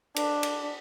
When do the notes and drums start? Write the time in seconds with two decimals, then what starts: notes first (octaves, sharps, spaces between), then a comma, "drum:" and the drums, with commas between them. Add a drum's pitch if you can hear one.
0.16 D4, drum: cymbal
0.43 drum: cymbal